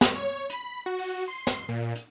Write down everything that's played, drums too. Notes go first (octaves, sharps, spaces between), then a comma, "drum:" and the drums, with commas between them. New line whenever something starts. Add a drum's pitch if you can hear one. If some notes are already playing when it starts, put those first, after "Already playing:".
drum: snare
C#5
B5, drum: hi-hat
F#4
drum: open hi-hat
C6
drum: snare
A#2
drum: hi-hat